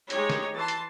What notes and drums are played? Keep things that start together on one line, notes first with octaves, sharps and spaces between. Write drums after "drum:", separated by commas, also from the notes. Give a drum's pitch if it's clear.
G#3 D#4 G4 C#5, drum: hi-hat
drum: snare
E3 A5 C6
drum: hi-hat